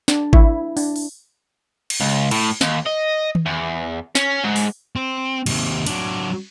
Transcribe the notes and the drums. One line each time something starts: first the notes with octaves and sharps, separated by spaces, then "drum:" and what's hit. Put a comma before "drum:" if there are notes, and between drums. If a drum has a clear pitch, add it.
D4, drum: snare
E4, drum: kick G#1
D4, drum: open hi-hat
drum: open hi-hat
drum: cymbal
C#2
A2, drum: cymbal
D#2, drum: snare
D#5
drum: tom D#3
E2
C#4, drum: snare
G#2
drum: open hi-hat
C4
D#2 C3, drum: cymbal
F#3 D4, drum: cymbal